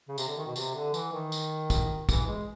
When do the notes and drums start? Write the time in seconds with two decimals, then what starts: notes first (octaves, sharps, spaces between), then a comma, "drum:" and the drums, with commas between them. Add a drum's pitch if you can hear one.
0.08 C#3
0.18 C3, drum: tambourine
0.27 D3
0.37 D#3
0.47 B2
0.56 C3, drum: tambourine
0.75 D3
0.94 E3, drum: tambourine
1.12 D#3
1.32 drum: tambourine
1.70 drum: kick, tambourine
2.09 E3, drum: kick, tambourine
2.27 G#3